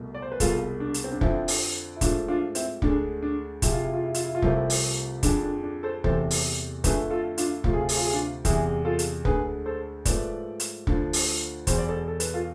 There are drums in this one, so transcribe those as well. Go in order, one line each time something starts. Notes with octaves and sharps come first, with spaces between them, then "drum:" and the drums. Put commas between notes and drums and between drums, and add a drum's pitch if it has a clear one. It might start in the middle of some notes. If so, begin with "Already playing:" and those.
Already playing: C2 B2 A3
D5
C5
B4
C2 B2 G#3 F4 A4, drum: kick, hi-hat
D4
drum: hi-hat
C4
D4
F2 D3 F3 C4 E4, drum: kick
drum: open hi-hat
E4
G#2 F3 A3 D4 F4, drum: kick, hi-hat
D4 F4
C4 E4, drum: hi-hat
D2 D3 G#3 D4, drum: kick
D4
F2 C3 G#3 E4, drum: kick, hi-hat
F4
E4
F4
E4
F4, drum: hi-hat
E4
F4
C2 C3 F3 A3 C4 E4, drum: kick
drum: open hi-hat
F2 D3 G#3 D4, drum: kick, hi-hat
D4
D4
A4 C5
E2 C3 E3 A3 A4 C5, drum: kick
drum: open hi-hat
F2 D3 A3 G#4 B4, drum: kick, hi-hat
F4 A4
D4 F4, drum: hi-hat
D2 C3 F3 A3 F4, drum: kick
G#4
F4
G#4, drum: open hi-hat
F4
G#4
D4 F4
E2 C3 G#3 E4 G#4, drum: kick, hi-hat
F4 A4
drum: hi-hat
D2 D3 G#3 G#4 B4, drum: kick
A4 C5
G#2 F3 A3 B4 D5, drum: kick, hi-hat
drum: hi-hat
D2 D3 F3, drum: kick
drum: open hi-hat
E2 B2 G#3 C5, drum: kick, hi-hat
D5
A4 C5
A4
B4, drum: hi-hat
F4 A4